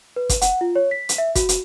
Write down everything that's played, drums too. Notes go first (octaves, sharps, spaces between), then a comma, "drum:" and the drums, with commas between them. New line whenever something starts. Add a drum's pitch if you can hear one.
B4
drum: kick, hi-hat
F#5, drum: hi-hat
F4
C#5
B6
drum: hi-hat
E5
F#4, drum: kick, hi-hat
drum: hi-hat